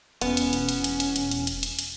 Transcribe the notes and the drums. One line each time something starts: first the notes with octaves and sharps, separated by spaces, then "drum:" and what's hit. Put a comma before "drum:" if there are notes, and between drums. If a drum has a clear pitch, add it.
E1 B3 C#4, drum: hi-hat
drum: hi-hat
drum: hi-hat
drum: hi-hat
drum: hi-hat
drum: hi-hat
drum: hi-hat
drum: hi-hat
drum: hi-hat
drum: hi-hat
drum: hi-hat